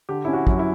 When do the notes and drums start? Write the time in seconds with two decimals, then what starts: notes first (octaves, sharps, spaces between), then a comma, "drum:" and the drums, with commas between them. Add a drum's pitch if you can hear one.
0.09 D3 G4
0.25 C#4 E4
0.33 F#4
0.47 F#2, drum: kick
0.59 E4